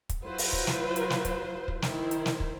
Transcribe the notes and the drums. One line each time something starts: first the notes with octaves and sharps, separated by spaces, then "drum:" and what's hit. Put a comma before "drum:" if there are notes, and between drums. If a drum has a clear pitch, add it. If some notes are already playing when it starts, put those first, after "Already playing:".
drum: kick, hi-hat
F#3 E4 F4 B4 C5
drum: open hi-hat
drum: kick
drum: snare
drum: hi-hat
drum: snare
drum: kick, hi-hat
drum: kick
D#3 E4 C5, drum: snare
drum: hi-hat
drum: snare
drum: kick